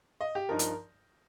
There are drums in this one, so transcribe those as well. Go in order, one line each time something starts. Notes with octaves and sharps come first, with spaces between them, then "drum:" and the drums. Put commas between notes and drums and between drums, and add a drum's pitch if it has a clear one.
D#5
G4
G2 F3 D#4 A#4
drum: hi-hat